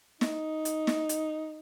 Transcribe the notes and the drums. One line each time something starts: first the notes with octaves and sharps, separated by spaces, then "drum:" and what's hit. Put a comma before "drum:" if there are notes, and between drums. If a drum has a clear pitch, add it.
D#4, drum: snare
drum: hi-hat
drum: snare
drum: hi-hat